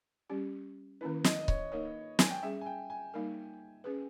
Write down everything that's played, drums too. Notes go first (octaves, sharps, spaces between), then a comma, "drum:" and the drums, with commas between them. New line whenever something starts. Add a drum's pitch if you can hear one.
G3 C#4 G4
D#3 A#3 C#4 E4 B4
D#5, drum: snare
D#5
C#5, drum: kick C#1
A#3 D#4 A#4 C#5 D#5
G#5, drum: snare
G5
G3 C#4 G#4 E5
G#5
G5
G#5
G3 A#3 D#4 A#4
C#4 G#4 B4